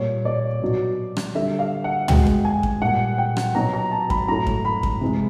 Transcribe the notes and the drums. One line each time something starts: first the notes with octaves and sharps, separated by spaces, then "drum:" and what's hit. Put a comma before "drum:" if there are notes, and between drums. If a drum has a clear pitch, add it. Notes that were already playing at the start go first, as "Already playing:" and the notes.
Already playing: A#2 G3 C#5
D5
B2 F#3
drum: rim click
D3 G3 E5
F5
F#5
B2 G#3 G5, drum: tom
drum: kick F#2
G#5
drum: kick F#2
A#2 G3 F#5
G5
drum: rim click
B2 F#3 A#5
A#5
A5
B5, drum: kick F#2
A2 F#3 A#5
drum: kick F#2
B5
drum: kick F#2
C3 E3 G#3